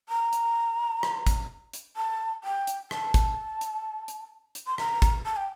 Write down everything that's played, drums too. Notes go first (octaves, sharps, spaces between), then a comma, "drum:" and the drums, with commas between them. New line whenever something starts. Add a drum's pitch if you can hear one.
A#5
drum: hi-hat
drum: rim click
drum: kick, hi-hat
drum: hi-hat
A5
G5
drum: hi-hat
A5, drum: rim click
drum: kick, hi-hat
drum: hi-hat
drum: hi-hat
drum: hi-hat
C6
A#5, drum: rim click
drum: kick, hi-hat
A5
G5